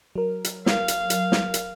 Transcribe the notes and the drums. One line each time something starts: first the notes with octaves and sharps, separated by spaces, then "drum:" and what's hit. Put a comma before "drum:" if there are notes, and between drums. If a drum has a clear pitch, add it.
F#3 A#4
drum: hi-hat
F5, drum: snare
drum: hi-hat
drum: hi-hat
drum: snare
drum: hi-hat